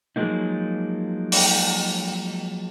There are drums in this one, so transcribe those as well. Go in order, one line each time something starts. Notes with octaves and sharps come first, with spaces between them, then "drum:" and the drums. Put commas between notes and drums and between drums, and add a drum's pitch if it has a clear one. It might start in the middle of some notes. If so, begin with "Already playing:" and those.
F3 F#3 G#3 A#3 D#4
drum: open hi-hat